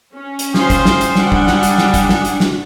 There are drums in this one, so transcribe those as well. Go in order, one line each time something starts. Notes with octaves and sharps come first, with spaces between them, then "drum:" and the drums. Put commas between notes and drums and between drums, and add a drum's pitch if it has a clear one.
C#4
drum: hi-hat
F4 C5 G5 G#5 D#6, drum: snare
drum: kick, hi-hat
drum: snare
drum: hi-hat
G3 D4 F#5, drum: snare
drum: kick
drum: snare
drum: hi-hat
drum: snare
drum: kick, hi-hat
drum: snare
drum: hi-hat
drum: snare